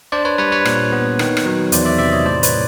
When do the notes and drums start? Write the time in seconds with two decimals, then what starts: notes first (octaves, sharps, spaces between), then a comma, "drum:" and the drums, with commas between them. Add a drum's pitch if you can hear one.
0.12 D4 C5 D5
0.25 B4 C#5
0.38 G3 B4 C#5
0.52 B4 C#5
0.65 A#2, drum: rim click
0.92 B3
1.19 D#3, drum: rim click
1.37 drum: rim click
1.46 F#3
1.72 E2 C5 D5, drum: hi-hat
1.85 D5 E5
1.98 C3 D5 E5
2.12 C#5 D#5
2.25 A2 C5 D5
2.43 B4 C#5, drum: hi-hat